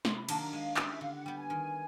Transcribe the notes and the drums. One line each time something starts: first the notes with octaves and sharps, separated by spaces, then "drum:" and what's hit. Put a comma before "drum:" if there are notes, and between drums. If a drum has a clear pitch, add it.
C3 C6, drum: snare
B5
D#3 F#3 A#3 D4 A5, drum: cymbal
A#5
G#3 F5
C#4 E4 G4 E5, drum: clap
D3 F5
F#5
G3 B3 G5
G#5
D#3